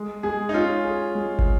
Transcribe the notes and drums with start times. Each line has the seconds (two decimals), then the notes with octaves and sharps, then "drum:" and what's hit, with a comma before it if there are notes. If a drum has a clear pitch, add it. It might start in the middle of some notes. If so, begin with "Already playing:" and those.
Already playing: G#3
0.23 G#3 G#4
0.49 D#4
0.54 C#4 F4
0.85 G#4
1.15 G#3
1.39 drum: kick